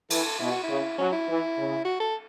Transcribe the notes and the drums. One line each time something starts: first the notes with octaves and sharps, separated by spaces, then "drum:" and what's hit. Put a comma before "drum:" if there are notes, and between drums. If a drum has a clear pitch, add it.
E3 A4, drum: cymbal
A4
B2 E4
F#4
E4
C#3
F#3 C#4
E4
E3
C#3
F#4
A4